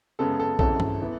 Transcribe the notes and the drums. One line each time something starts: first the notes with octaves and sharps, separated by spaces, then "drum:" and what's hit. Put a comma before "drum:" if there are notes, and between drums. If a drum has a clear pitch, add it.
F#2 C#3 G#3 B3 A4
A4
G#1 F#2 E3 G#3 C#4 A4, drum: kick A#1
drum: tom G2
E3 B3